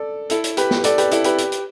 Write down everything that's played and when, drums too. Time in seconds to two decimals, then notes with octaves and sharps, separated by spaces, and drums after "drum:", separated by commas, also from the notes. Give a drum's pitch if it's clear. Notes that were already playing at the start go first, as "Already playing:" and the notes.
Already playing: A4 D5
0.30 E4 A4, drum: hi-hat
0.44 drum: hi-hat
0.57 G4 B4, drum: hi-hat
0.71 drum: snare
0.84 A4 D5, drum: hi-hat
0.98 G4 B4, drum: hi-hat
1.11 E4 A4, drum: hi-hat
1.24 G4 B4, drum: hi-hat
1.38 drum: hi-hat
1.52 drum: hi-hat